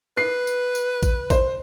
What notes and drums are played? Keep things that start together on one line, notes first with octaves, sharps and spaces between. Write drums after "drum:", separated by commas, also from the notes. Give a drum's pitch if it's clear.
B4 C7
drum: tambourine
drum: tambourine
drum: kick A1, tambourine
C5, drum: kick A1, tambourine